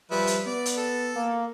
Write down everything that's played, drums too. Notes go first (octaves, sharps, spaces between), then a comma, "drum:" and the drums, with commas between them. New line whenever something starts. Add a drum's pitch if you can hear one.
F3 G3 B4 E5
drum: hi-hat
B3 D5
drum: hi-hat
A4
A#3